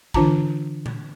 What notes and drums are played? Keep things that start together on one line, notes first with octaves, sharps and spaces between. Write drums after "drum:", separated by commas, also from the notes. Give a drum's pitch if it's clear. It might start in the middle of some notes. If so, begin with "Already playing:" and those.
D3 E3 D4 F4 A5 A#5, drum: kick
drum: tom A#2